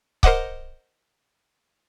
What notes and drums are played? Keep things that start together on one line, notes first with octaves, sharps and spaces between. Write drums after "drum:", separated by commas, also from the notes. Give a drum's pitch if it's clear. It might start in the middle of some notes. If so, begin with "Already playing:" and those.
A#4 C5 D#5 F#5 D6, drum: kick C#1